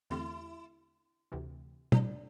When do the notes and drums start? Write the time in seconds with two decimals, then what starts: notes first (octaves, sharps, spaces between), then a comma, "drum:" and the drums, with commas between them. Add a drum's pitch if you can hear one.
0.10 E2 D3 A3 C4 E4 G4
1.32 D2 C3 E3
1.92 D4, drum: tom